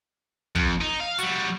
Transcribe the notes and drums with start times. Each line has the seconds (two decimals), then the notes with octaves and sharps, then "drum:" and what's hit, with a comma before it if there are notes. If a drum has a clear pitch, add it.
0.55 F2, drum: kick
0.81 D#4
1.00 F5
1.19 G3 F#4, drum: hi-hat